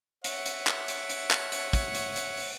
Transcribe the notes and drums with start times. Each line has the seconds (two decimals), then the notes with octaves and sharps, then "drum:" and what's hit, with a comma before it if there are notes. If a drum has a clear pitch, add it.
0.24 C#5 E5 F#5, drum: hi-hat
0.46 drum: hi-hat
0.67 drum: clap
0.88 drum: hi-hat
1.09 drum: hi-hat
1.31 drum: clap
1.52 drum: hi-hat
1.73 drum: kick, hi-hat
1.95 drum: hi-hat
2.16 drum: hi-hat
2.37 drum: open hi-hat